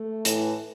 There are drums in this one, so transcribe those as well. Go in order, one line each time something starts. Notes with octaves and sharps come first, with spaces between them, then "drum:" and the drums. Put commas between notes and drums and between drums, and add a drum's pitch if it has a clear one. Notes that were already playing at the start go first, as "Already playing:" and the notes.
Already playing: A3
A2 E3, drum: hi-hat